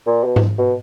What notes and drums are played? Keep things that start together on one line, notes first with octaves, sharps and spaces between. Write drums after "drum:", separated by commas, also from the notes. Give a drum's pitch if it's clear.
A#2
B2
drum: tom G#2
B2